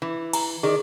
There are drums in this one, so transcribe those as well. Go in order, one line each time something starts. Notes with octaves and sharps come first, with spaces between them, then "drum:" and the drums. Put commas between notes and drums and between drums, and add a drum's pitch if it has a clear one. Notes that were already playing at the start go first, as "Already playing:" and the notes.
E3
A#5, drum: cymbal
D#3 G#4 D5